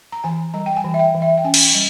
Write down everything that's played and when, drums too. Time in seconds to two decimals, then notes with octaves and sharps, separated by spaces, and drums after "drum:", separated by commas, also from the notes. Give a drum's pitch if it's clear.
0.12 A#5
0.24 E3 G#5
0.54 G3 A#5
0.66 G5
0.76 G#5
0.84 E3
0.94 E5
0.99 G5
1.14 E3
1.22 E5
1.37 G5
1.45 C#4 G#5
1.54 drum: cymbal
1.75 G3